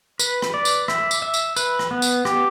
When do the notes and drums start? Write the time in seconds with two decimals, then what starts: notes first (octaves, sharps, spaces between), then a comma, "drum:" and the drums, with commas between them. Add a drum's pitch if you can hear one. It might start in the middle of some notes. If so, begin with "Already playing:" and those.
0.19 B4, drum: tambourine
0.42 drum: rim click
0.54 D5
0.65 drum: tambourine
0.88 E5, drum: rim click
1.11 drum: tambourine
1.22 E5
1.34 drum: tambourine
1.56 B4, drum: tambourine
1.79 drum: rim click
1.91 B3
2.02 drum: tambourine
2.25 G4, drum: rim click